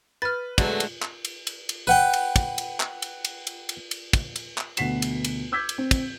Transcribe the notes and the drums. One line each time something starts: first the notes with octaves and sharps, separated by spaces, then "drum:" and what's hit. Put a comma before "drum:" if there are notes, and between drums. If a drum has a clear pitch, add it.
B4 F6 A6
D3 F#3 G#3 A3 B3, drum: kick, cymbal
drum: cymbal
drum: clap
drum: cymbal
drum: cymbal
drum: cymbal
B4 F#5 G5
drum: cymbal
drum: kick, cymbal
drum: cymbal
drum: clap
drum: cymbal
drum: cymbal
drum: cymbal
drum: cymbal
drum: cymbal
drum: kick, cymbal
drum: cymbal
drum: clap
D2 B2 F#5 B6 C7 E7, drum: cymbal
drum: cymbal
drum: cymbal
D6 E6 G6 G#6 B6
drum: cymbal
C4
drum: kick, cymbal